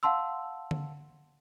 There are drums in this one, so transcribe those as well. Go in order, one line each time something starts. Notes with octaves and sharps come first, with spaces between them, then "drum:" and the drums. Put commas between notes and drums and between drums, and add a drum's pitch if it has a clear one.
F5 F#5 A5 C6 E6
drum: tom D3